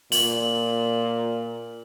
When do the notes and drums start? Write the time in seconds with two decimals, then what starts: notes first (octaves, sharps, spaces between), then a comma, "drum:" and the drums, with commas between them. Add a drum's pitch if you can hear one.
0.12 A#2 F#7, drum: open hi-hat